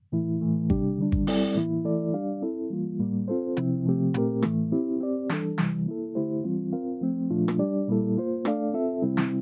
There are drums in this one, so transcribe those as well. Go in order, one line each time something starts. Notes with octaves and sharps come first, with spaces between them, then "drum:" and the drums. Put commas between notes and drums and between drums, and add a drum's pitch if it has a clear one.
A2 E3 A3 E4
A2 E3 A3
C3 G3 D4 G4, drum: kick G#1
D3 G3 D4
drum: kick G#1
G3 C4 E4 A4 D5, drum: open hi-hat
A2 E3 A#3 E4
E3 A3 E4 A4 D5
G3 D4 G4 D5 F5
C4 E4 A4
E3 G3 A#3 F4
A2 G3 A#3
C4 F4 A4 C5
C3 F3 C4 E4, drum: hi-hat
C3 F3 A3 C4 G4
A#2 A3 C4 G4 A#4, drum: hi-hat
A2 E3 A3, drum: rim click
C4 E4 G4
C4 G4 D5
E3 G3 D4 A4, drum: snare
C3 E3 G3, drum: snare
A#3 E4 A4
D3 A3 E4 G4 C5
E3 G3 C4 F4
C4 F4 A#4 F5
F3 A3 C4
A#2 F3 A3 D4 F4
drum: rim click
G3 D4 G4 D5
A#2 G3 A#3 E4 A4
A#3 F4 C5
A3 D4 A4 D5 F5, drum: rim click
C4 F4 A4 E5
C3 G3 C4 E4
drum: snare